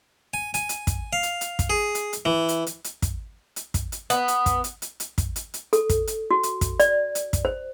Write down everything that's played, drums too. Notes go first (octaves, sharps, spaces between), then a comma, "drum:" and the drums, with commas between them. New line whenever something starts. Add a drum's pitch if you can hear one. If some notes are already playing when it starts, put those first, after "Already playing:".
G#5
G#5, drum: hi-hat
drum: hi-hat
drum: kick, hi-hat
F5
drum: hi-hat
drum: hi-hat
drum: kick, hi-hat
G#4
drum: hi-hat
drum: hi-hat
E3
drum: hi-hat
drum: hi-hat
drum: hi-hat
drum: kick, hi-hat
drum: hi-hat
drum: kick, hi-hat
drum: hi-hat
B3, drum: hi-hat
drum: hi-hat
drum: kick, hi-hat
drum: hi-hat
drum: hi-hat
drum: hi-hat
drum: kick, hi-hat
drum: hi-hat
drum: hi-hat
A4, drum: hi-hat
drum: kick, hi-hat
drum: hi-hat
F#4
drum: hi-hat
drum: kick, hi-hat
D5, drum: hi-hat
drum: hi-hat
drum: kick, hi-hat
C5